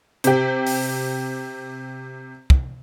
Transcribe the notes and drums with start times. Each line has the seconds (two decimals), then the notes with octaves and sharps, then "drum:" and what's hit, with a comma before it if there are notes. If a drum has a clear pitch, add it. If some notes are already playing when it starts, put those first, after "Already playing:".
0.24 C3 G4, drum: hi-hat
0.67 drum: open hi-hat
2.50 drum: kick